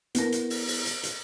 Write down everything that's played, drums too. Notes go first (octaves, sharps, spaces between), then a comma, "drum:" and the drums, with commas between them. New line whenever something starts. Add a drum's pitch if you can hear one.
B3 E4 A#4 A#6, drum: hi-hat
drum: hi-hat
drum: open hi-hat
drum: open hi-hat
drum: hi-hat
drum: hi-hat